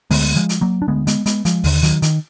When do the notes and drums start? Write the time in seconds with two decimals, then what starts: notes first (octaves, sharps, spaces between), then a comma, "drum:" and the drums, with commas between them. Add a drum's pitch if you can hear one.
0.11 D2 D3 G#3 B3, drum: open hi-hat
0.36 F3 G#3
0.49 drum: hi-hat
0.61 F#3 A#3
0.82 D4
0.88 D2 D3 G#3 B3
1.07 G#3 B3, drum: hi-hat
1.26 G#3 B3, drum: hi-hat
1.45 F3 G#3, drum: hi-hat
1.64 D#2 D3, drum: open hi-hat
1.83 D#3 F#3, drum: hi-hat
2.02 D#3, drum: hi-hat